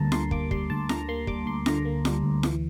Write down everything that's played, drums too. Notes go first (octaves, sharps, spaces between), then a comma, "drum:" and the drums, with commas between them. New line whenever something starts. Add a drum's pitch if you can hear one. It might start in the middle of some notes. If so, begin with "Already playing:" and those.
Already playing: D2 D3 G3 A#3 A5 A#5
D3 C6, drum: snare
A#3 D6, drum: kick
G3 C6, drum: kick
D2 A5
D3 A#5, drum: snare
A#3 C6
G3 D6, drum: kick
D2 C6
D3 A#5, drum: snare
A#3
G3, drum: snare
D2
E3, drum: snare